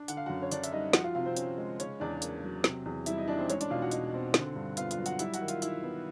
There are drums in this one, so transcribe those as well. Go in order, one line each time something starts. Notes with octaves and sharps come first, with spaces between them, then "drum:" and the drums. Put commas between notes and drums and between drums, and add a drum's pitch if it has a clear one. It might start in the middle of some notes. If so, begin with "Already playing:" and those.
Already playing: D4
D3 F#5, drum: hi-hat
F5
F#2 F#4 F#5
C#5
F#2 D4 D5, drum: hi-hat
E5, drum: hi-hat
G3 D#4 D#5
F3 F#4 F#5, drum: snare
F4 F5
C3 F4 F5
C4 C5
C#4, drum: hi-hat
G#3
C#3 C#4 C#5, drum: hi-hat
E2 D4 D5
A#3, drum: hi-hat
F#3
C3, drum: snare
E2
G3 E4 E5, drum: hi-hat
D#4 D#5
E3 D4 D5
C4 C5
G#3 C#4 C#5, drum: hi-hat
D4 D5, drum: hi-hat
B2 F4 F5
F#4 F#5
D#4, drum: hi-hat
C4
D3, drum: snare
G2
B3 F4 F5, drum: hi-hat
F4 F5, drum: hi-hat
F#3
F#4 F#5, drum: hi-hat
G3 E4 E5, drum: hi-hat
F#4 F#5, drum: hi-hat
D#3
F4 F5, drum: hi-hat
E4 E5, drum: hi-hat
B3